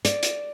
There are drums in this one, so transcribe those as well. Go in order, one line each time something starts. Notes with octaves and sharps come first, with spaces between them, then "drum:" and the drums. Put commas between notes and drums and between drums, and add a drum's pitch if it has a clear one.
D5, drum: hi-hat
drum: hi-hat